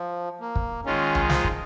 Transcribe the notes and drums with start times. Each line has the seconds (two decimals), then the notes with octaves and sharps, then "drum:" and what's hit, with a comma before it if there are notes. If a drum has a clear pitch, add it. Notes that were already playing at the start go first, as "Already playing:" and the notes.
Already playing: F3
0.41 A#3
0.56 drum: kick
0.85 D#3 G#3 C#4 F4
1.15 drum: tom C2
1.30 F3, drum: snare
1.44 drum: kick